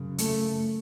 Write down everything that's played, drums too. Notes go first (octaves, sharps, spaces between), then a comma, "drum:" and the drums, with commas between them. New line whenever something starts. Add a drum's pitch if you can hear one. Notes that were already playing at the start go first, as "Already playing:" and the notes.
Already playing: F#2 C#3
A3, drum: hi-hat